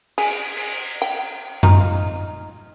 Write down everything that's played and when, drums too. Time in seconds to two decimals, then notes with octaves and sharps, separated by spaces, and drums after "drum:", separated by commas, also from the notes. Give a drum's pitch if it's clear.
0.18 G#4, drum: cymbal
0.57 drum: cymbal
1.02 G5
1.63 D#4 F4, drum: tom F#2